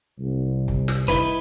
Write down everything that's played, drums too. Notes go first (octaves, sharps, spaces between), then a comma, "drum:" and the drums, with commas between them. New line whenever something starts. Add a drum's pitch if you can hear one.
C2
drum: kick
drum: snare
D#4 E4 B4, drum: kick